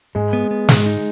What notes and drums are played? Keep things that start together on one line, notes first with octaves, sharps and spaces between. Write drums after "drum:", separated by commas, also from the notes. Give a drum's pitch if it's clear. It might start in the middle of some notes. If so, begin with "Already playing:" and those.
G#2 G#3
B3
B3
G#2, drum: snare
D#4